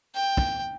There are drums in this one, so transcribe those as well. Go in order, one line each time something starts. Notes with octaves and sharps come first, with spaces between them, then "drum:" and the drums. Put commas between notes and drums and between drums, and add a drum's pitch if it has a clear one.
G5
drum: kick